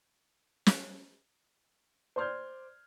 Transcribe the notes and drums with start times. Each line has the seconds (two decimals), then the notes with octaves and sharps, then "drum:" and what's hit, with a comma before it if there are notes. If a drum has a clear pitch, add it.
0.66 drum: snare
2.16 C5 D5 C6 F6 G6 G#6